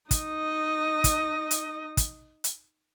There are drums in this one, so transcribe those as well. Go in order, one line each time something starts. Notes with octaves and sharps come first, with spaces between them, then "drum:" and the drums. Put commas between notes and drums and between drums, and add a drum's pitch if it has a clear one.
D#4 D#5, drum: kick, hi-hat
drum: kick, hi-hat
drum: hi-hat
drum: kick, hi-hat
drum: hi-hat